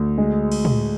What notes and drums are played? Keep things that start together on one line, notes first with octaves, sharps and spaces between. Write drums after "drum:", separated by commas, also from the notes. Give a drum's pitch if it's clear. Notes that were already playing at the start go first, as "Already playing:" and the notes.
Already playing: D2
G#3
drum: cymbal
drum: tom